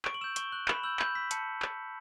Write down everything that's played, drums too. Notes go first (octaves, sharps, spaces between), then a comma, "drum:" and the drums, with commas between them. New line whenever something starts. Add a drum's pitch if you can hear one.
C#6 D7, drum: clap
F#7
E6 G6 E7
C#6 G7, drum: hi-hat
F#6 F#7
B5 E7, drum: clap
E6 G6 F#7
B5 G6, drum: clap
E6 G6 B6
A5 C#7, drum: hi-hat
drum: clap